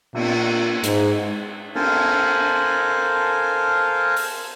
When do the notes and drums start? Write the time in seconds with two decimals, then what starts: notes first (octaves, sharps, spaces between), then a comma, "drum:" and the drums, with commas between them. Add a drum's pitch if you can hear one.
0.15 A#2, drum: cymbal
0.84 G#2, drum: hi-hat
1.75 A4 A#4 C5 F5 G#5 A5, drum: cymbal
4.17 drum: open hi-hat